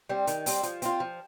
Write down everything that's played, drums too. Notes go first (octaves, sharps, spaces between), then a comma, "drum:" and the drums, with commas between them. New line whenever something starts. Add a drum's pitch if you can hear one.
G3 C4
D#3, drum: hi-hat
G3 C4, drum: open hi-hat
F3, drum: hi-hat
C4 F4, drum: hi-hat
F3